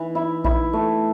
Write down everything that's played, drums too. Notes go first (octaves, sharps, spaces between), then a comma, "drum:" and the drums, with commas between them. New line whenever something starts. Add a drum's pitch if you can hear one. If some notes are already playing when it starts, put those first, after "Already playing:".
Already playing: E3
E4
E4, drum: kick A#1
A3